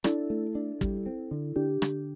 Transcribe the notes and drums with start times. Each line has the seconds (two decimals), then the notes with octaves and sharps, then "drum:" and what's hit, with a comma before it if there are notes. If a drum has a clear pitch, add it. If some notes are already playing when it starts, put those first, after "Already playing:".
0.04 D4 E4 A4, drum: rim click
0.30 A3
0.55 D4
0.81 G3, drum: kick
1.06 C4
1.31 D3
1.56 D3 D4 G4
1.82 D3, drum: rim click